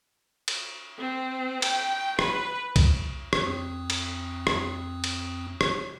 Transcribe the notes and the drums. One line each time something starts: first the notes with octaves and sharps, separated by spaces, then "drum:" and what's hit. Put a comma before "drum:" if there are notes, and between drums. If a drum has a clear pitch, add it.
drum: cymbal
C4
G5, drum: cymbal
B4, drum: rim click
drum: kick C2, cymbal
drum: rim click
F2 C4 D#6
drum: cymbal
drum: rim click
drum: cymbal
drum: rim click